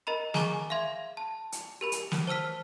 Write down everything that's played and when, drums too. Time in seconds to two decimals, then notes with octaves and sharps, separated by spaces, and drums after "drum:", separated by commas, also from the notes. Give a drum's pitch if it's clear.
0.07 A#4 D#5 A#5 B5
0.34 G#4 G#5 A#5 C#6 D6, drum: snare
0.70 E5 F5 C6 G#6
1.17 A5
1.52 drum: hi-hat
1.81 G4 A#4 B5
1.92 drum: hi-hat
2.11 drum: snare
2.27 C5 A5 E6 F6 B6